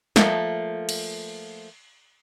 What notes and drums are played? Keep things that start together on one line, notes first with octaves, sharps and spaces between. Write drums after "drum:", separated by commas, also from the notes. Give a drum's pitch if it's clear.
F3 A3 A#3, drum: snare
drum: cymbal